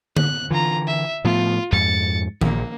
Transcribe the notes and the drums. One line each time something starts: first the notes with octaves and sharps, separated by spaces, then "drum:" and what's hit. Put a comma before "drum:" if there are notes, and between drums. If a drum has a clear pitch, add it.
F#6, drum: tom D3
D3 E3 F4 A#5
E5
A2 F3 B3 F4
F2 G#2 A6 C#7
A#1 A#3, drum: tom D#3